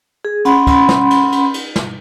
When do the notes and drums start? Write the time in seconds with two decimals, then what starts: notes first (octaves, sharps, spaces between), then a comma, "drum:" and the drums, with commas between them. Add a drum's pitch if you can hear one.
0.25 G#4
0.45 C#4 F#5 B5 C6, drum: cymbal
0.67 drum: kick, cymbal
0.89 drum: snare
1.10 drum: cymbal
1.32 drum: cymbal
1.54 drum: cymbal
1.76 drum: snare